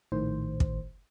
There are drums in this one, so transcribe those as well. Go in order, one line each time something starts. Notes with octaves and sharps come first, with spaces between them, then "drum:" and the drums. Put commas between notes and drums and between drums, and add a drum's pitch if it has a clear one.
A#1 A2 D#3 C5
drum: kick